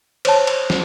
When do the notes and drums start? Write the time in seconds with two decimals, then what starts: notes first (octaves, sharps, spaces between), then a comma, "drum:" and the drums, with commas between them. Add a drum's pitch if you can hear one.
0.25 C5 C#5 A5, drum: cymbal
0.47 drum: cymbal
0.70 drum: snare